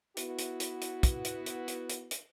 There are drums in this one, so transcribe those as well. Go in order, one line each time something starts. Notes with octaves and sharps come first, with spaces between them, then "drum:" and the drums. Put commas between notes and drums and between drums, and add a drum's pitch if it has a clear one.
B3 E4 F#4, drum: hi-hat
drum: hi-hat
drum: hi-hat
drum: hi-hat
drum: kick, hi-hat
drum: hi-hat
drum: hi-hat
drum: hi-hat
drum: hi-hat
drum: hi-hat